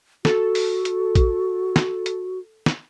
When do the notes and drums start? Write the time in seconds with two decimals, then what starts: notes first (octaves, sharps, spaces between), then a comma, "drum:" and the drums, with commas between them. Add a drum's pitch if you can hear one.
0.25 F#4 A4, drum: snare
0.55 drum: open hi-hat
0.85 drum: hi-hat
1.15 drum: kick, hi-hat
1.76 drum: snare
2.06 drum: hi-hat
2.66 drum: snare